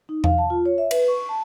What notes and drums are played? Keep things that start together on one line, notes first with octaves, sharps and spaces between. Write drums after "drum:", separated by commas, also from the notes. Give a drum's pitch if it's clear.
D#4
F5, drum: tom E2
A5
F4
C#5
E5
B4, drum: cymbal
C#6
A5